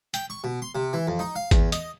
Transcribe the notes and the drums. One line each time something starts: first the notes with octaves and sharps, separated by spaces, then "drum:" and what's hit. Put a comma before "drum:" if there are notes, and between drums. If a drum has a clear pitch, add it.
G5, drum: hi-hat
C#6
B2
C6
C3
E3
F2
D#4
F5
E2, drum: kick G#1, hi-hat
D#5, drum: hi-hat